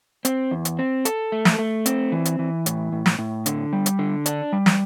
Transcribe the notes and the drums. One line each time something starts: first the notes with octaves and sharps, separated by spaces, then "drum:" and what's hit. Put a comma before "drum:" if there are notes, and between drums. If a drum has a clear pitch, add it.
C4, drum: hi-hat
E2
drum: hi-hat
C4
A4, drum: hi-hat
A3
drum: snare
A3
C4, drum: hi-hat
E3
drum: hi-hat
E3
A2, drum: hi-hat
A2
drum: snare
A2
D3, drum: hi-hat
G3
drum: hi-hat
D3
D4, drum: hi-hat
G3
drum: snare